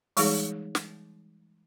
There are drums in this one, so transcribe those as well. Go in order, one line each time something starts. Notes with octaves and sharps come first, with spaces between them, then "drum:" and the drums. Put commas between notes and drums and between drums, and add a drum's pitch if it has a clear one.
E3 G3 G#3 D#4 G#4 C#5, drum: open hi-hat
drum: snare